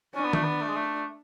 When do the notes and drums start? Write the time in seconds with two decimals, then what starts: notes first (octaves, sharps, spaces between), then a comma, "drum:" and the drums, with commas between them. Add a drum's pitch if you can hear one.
0.15 C#4 D4
0.24 B3
0.33 A3, drum: tom D#3
0.43 B3
0.61 A3
0.69 G#3
0.76 A3